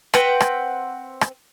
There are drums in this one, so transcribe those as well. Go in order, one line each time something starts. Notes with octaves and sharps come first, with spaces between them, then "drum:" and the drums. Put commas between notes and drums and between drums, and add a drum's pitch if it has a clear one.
C4 B4 F#5 G5, drum: rim click
drum: rim click
drum: rim click